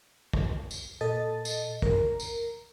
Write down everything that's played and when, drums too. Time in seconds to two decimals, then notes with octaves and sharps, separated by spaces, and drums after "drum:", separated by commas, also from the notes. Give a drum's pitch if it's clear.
0.33 drum: kick
0.71 drum: tambourine
1.01 A#2 A4 D#5 A6
1.45 drum: tambourine
1.82 A#4, drum: kick
2.20 drum: tambourine